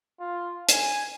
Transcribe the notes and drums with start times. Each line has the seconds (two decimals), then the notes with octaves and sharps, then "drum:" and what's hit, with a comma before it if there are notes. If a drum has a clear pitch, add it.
0.20 F4
0.69 G#5, drum: hi-hat